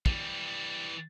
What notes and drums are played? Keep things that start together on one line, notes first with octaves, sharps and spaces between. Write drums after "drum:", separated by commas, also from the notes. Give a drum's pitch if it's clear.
E3 G3, drum: kick